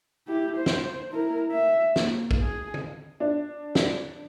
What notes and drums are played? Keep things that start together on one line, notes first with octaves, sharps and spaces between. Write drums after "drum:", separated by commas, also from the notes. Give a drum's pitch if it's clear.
E4 G4
C5
drum: snare
E4 A#4
E5
A#3, drum: snare
drum: kick A#1
G#4
drum: tom
D4
drum: snare